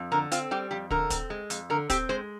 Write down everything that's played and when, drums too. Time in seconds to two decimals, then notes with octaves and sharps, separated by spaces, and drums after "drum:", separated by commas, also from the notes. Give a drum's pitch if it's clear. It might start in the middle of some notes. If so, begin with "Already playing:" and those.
Already playing: F2
0.12 D3 A#4
0.32 C4 F4, drum: hi-hat
0.51 G3 G4
0.71 F2 G4
0.91 D3 A#4, drum: kick
1.10 C4, drum: kick, hi-hat
1.30 G#3
1.50 F2, drum: hi-hat
1.70 D3 A#4
1.90 C4 G4, drum: kick, hi-hat
2.09 G#3 C5